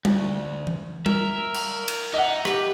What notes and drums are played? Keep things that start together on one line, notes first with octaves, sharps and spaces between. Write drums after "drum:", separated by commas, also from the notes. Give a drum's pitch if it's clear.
D2, drum: tom G3
drum: tom E3
A#4 E5, drum: tom G3
drum: cymbal
drum: cymbal
D#4 D#5 E5 F#5
G4 B4, drum: rim click